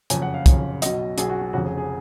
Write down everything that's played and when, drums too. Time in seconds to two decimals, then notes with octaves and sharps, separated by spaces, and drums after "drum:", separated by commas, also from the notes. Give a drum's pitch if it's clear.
0.10 F#1 F2 C#3 G#5, drum: hi-hat
0.22 F#5
0.34 F5
0.46 F#1 F2 C#3, drum: kick, hi-hat
0.82 B1 B2 D#5, drum: hi-hat
1.18 B1 B2 G#4, drum: hi-hat
1.29 F#4
1.42 F#4
1.53 F1 F2 C#3 F#4
1.65 G#4
1.78 G#4